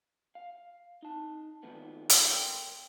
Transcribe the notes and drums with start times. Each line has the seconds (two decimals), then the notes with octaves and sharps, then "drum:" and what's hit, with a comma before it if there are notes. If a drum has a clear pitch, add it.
0.35 F5
1.02 D#4 A5
1.63 D3 D#3 F3 G#3 B3
2.09 drum: hi-hat
2.30 A#4 G5 C6